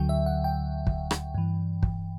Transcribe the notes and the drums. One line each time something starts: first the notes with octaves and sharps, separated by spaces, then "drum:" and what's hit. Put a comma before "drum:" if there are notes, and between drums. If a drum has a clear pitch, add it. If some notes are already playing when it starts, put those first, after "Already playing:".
Already playing: D2 D3 F#3 G5
E5
F#5
G5
drum: kick
drum: rim click
G2 E3
drum: kick